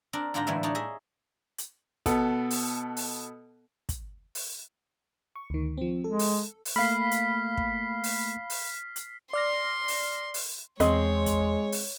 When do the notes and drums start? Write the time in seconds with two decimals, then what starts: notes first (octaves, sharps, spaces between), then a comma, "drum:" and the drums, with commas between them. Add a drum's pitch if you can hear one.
0.13 C4 D4 A#4
0.34 G#2 D3 D4 F4 G4 A#5
0.47 A2 D3 E3 G3 G#3 E5
0.63 D4 D#4 C#5 A5
0.75 G#4 D#5 E5 G#5
1.58 drum: hi-hat
2.06 B2 B3 A4, drum: kick, hi-hat
2.50 drum: open hi-hat
2.97 drum: open hi-hat
3.89 drum: kick, hi-hat
4.35 drum: open hi-hat
5.36 C#6
5.50 D2 D#3
5.78 F3 C4
6.04 G#3 A4
6.19 drum: open hi-hat
6.65 drum: open hi-hat
6.76 A3 A#3 F5 B5 F6 B6 C7
7.11 drum: hi-hat
7.57 drum: kick
8.04 drum: open hi-hat
8.50 drum: open hi-hat
8.96 drum: hi-hat
9.33 D5 C6 F6 A#6
9.88 drum: open hi-hat
10.34 drum: open hi-hat
10.80 E2 G#3 C4 G#4 C#5 D#5 C6, drum: hi-hat
11.26 drum: kick, hi-hat
11.72 drum: open hi-hat